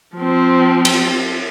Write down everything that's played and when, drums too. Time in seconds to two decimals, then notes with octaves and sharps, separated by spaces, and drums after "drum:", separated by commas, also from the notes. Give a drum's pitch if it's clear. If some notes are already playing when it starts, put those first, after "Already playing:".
0.16 F3 C4
0.85 drum: cymbal